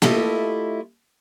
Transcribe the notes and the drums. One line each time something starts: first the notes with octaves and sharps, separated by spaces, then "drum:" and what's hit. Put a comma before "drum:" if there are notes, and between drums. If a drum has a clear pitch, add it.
A3 E4 F4 G4 A4 D#5, drum: snare A#3